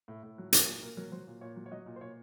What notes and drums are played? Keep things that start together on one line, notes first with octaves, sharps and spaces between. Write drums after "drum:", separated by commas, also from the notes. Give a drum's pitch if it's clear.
A2
A2
F#3
F#3 A#4, drum: hi-hat
A#2
A#2 A#4
F#3 A#4
F#3 C5
A#2
A#2 C#5
F#3
C#5
F#3 D#5
A#2
C5
A#2 C#5